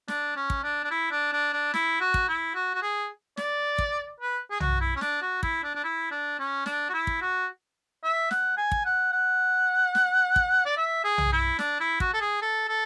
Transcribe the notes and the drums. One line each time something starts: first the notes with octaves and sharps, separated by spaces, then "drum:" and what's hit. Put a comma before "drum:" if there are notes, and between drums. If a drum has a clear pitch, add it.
D4, drum: snare
C#4
drum: kick
D4
D4
E4
D4
D4
D4
E4, drum: snare
F#4
drum: kick
E4
F#4
F#4
G#4
D5, drum: snare
drum: kick
B4
G#4
F#4, drum: tom
E4
C#4
D4, drum: snare
F#4
E4, drum: kick
D4
D4
E4
D4
C#4
D4, drum: snare
F#4
E4
drum: kick
F#4
E5
F#5, drum: snare
G#5
drum: kick
F#5
F#5
drum: snare
drum: kick
D5
E5
G#4
drum: tom
E4
D4, drum: snare
E4
F#4, drum: kick
A4
G#4
A4
A4